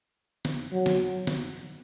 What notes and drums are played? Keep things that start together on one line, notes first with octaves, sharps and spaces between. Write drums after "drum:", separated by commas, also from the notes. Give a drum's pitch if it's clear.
drum: snare
F#3
drum: snare
drum: snare